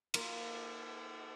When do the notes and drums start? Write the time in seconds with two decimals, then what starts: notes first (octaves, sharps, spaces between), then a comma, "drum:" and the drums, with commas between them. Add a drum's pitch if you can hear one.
0.14 A#3 F4, drum: cymbal